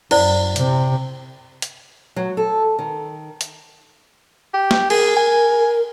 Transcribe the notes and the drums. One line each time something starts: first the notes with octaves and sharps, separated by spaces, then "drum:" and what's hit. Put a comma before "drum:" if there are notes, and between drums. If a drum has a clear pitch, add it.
F#2 E4 C5 D5, drum: cymbal
C3, drum: hi-hat
drum: hi-hat
F#3
A4
D#3
drum: hi-hat
G4
drum: snare
G#4 A#4, drum: cymbal
G#5